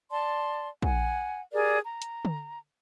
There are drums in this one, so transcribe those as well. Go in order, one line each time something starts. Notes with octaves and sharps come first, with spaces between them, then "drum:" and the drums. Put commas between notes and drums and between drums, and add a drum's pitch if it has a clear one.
D5 A5 C6
F#5 G#5, drum: kick
G4 G#4 A#4 D5
A#5
drum: hi-hat
drum: tom D3